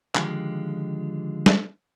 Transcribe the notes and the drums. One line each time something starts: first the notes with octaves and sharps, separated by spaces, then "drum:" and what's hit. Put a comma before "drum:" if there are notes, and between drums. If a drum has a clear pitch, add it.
D3 D#3 F3 G#3 F4 G4, drum: clap
drum: snare